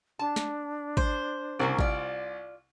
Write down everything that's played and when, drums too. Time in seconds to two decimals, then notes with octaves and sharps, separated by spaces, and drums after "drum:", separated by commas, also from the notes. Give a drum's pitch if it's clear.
0.19 D4 A5
0.36 drum: snare
0.97 C5, drum: kick
1.59 C2 C#3 A#3 A#4
1.79 F4 D5, drum: kick